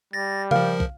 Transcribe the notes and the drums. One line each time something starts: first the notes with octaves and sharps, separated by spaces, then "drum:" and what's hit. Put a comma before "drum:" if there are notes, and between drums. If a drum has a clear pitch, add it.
G3 A6 A#6
F3 A#4 F5, drum: tom C#3
drum: kick